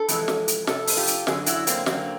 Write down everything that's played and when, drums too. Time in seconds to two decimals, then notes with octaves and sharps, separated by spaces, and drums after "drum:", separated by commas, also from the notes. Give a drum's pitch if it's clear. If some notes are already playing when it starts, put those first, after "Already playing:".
Already playing: A4
0.08 F2 C3 E3 G#3, drum: hi-hat
0.28 drum: snare
0.48 drum: hi-hat
0.67 F2 C3 A4, drum: snare
0.87 drum: open hi-hat
0.97 F4 G4
1.07 drum: hi-hat
1.27 F#2 D3 F#3 G#4, drum: snare
1.46 E4 F#4, drum: hi-hat
1.67 A#3 C4, drum: hi-hat
1.86 F#2 D3 F#3 A#3 C4, drum: snare